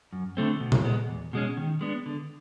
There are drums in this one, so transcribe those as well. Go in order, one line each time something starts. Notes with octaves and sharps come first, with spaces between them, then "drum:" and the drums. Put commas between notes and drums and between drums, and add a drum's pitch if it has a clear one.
F#2
D3 F3 A3 C4
B2
drum: tom A#2
G#3 B3
E2
B2 G#3 C#4
D#3
G#3 B3 D4
D3